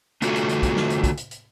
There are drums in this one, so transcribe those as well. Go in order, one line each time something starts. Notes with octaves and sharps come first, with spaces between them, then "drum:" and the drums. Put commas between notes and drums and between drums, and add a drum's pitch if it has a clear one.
D3 A3 F4 F#4 A4, drum: hi-hat
drum: hi-hat
drum: hi-hat
drum: kick, hi-hat
drum: snare
drum: hi-hat
drum: kick, hi-hat
drum: hi-hat
drum: hi-hat